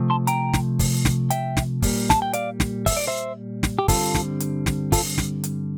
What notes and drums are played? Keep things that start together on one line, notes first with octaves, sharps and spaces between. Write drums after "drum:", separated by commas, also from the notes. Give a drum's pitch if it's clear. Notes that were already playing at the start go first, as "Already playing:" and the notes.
Already playing: C3 F3 A3 C4
A5 C6
G5 A#5, drum: hi-hat
drum: snare
drum: kick, open hi-hat
drum: snare
E5 G5, drum: hi-hat
drum: snare
A#2 G3 A#3, drum: kick, open hi-hat
A5, drum: snare
G5
D5 F5, drum: hi-hat
drum: snare
E5, drum: kick, open hi-hat
D5
C5 E5
drum: snare
G4
G2 D3 G3 C4 F4 A4, drum: kick, open hi-hat
drum: snare
drum: hi-hat
drum: snare
F4 A4, drum: kick, open hi-hat
drum: snare
drum: hi-hat